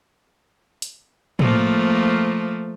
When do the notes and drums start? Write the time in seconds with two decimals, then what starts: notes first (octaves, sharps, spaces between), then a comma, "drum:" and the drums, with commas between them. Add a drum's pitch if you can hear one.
0.82 drum: hi-hat
1.39 F3 A3 A#3, drum: tom A2